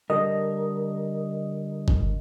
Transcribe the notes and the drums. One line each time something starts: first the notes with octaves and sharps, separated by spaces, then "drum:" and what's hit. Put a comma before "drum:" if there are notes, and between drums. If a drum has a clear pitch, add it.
D3 G3 A#4 D#5
drum: kick G1